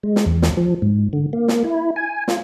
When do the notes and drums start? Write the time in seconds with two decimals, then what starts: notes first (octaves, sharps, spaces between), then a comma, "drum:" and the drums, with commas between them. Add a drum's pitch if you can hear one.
0.03 G#3
0.16 drum: snare
0.26 E2
0.42 drum: snare
0.57 F3
0.82 G#2
1.13 D3
1.33 A#3
1.48 drum: snare
1.64 E4
1.96 G#5
2.28 F4, drum: snare